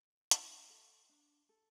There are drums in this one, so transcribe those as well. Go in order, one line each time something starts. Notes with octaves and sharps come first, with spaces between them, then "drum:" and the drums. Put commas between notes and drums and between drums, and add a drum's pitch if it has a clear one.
D4, drum: hi-hat
A4
D4
A4